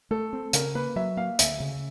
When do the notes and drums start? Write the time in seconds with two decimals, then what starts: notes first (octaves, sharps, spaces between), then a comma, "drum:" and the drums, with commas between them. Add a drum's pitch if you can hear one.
0.11 A3 A4
0.33 C4
0.53 C#3 A#4, drum: hi-hat
0.75 A#3 B4
0.96 F#3 E5
1.17 A#3 F5
1.39 D2 E5, drum: hi-hat
1.60 C#3